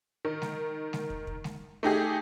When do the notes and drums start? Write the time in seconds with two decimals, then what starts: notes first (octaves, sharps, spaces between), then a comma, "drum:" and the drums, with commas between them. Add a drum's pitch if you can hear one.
0.25 D#3
0.42 drum: snare G#3
0.93 drum: snare G#3
1.10 drum: kick
1.27 drum: kick
1.44 drum: snare G#3
1.83 A3 D#4 G4 G#4